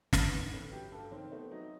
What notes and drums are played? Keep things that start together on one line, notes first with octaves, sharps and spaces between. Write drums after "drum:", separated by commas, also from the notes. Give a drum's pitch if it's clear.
G2 B4, drum: snare
D#3
A3 B4
F#3 G4
G2 A4
D#3 C4
A3 B3
F#3 D#4